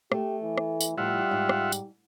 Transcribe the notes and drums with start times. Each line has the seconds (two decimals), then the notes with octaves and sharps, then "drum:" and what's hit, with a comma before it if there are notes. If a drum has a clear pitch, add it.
0.12 A3 G4, drum: rim click
0.42 E3
0.58 drum: rim click
0.81 drum: tambourine
0.98 A2 F3 G3 F4 E5 F#5
1.31 G#2
1.49 drum: rim click
1.72 drum: tambourine